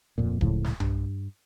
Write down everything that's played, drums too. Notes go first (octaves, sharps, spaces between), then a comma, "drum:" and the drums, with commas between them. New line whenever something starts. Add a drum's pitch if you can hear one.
D1 F2 A#2
C#2 A2 C#3 F3, drum: kick D1
drum: snare
G2, drum: tom B1